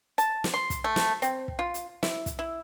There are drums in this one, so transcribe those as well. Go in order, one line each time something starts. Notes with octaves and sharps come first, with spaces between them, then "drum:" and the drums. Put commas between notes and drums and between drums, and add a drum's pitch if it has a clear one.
A5, drum: hi-hat
drum: snare
C6
drum: kick, hi-hat
A3
drum: snare
C4, drum: hi-hat
drum: kick
F4
drum: hi-hat
E4, drum: snare
drum: kick, hi-hat
E4